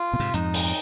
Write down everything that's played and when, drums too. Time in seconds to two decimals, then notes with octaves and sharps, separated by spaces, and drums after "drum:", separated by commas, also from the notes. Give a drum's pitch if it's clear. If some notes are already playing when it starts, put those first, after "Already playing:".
Already playing: F4
0.13 B2
0.20 G#2 C3
0.34 F2 G#2 D#4, drum: hi-hat
0.54 drum: open hi-hat